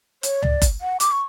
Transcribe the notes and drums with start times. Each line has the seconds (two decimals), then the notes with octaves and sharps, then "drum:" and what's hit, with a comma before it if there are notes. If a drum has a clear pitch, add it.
0.23 C#5, drum: hi-hat
0.43 D5, drum: tom C#2
0.62 drum: kick F#1, hi-hat
0.81 F#5
1.00 D6, drum: hi-hat
1.12 C#6